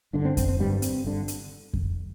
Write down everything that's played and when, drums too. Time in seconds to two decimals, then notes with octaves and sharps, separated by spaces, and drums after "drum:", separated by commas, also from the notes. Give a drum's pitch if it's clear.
0.13 G1 G2 D3 D4
0.25 C4
0.37 C4, drum: kick F2, hi-hat
0.48 C4
0.59 G1 G2 D3 G3
0.82 C4, drum: hi-hat
1.05 G1 G2 D3
1.28 drum: hi-hat
1.74 drum: kick F2